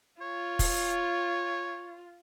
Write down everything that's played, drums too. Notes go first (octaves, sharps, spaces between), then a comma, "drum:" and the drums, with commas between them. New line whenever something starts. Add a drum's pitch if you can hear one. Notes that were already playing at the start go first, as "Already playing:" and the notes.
F4 C#5
drum: kick, open hi-hat